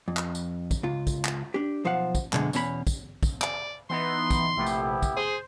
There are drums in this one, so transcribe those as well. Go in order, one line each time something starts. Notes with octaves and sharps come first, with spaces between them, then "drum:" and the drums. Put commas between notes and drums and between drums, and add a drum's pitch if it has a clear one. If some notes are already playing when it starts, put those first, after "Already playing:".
F2
drum: clap
drum: tambourine
drum: kick, tambourine
C#2 F4
drum: kick, tambourine
drum: clap
D4 G4
B1 F3 C5 F5 F#5
drum: kick, tambourine
F#2 B2 D3 G#3, drum: clap
E2 B2 C#4 F#4 B5, drum: tambourine
drum: kick, tambourine
drum: kick, tambourine
D5, drum: clap
E3 B3 D#4 C6
drum: kick, tambourine
A#1 C3 A3 B3 E4 G4
drum: tambourine
drum: kick, tambourine
G#4 C5